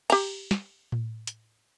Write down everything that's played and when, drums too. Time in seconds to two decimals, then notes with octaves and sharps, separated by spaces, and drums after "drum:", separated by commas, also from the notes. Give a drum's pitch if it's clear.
0.10 G4 A#5, drum: cymbal
0.51 drum: snare
0.92 drum: tom A2
1.27 drum: hi-hat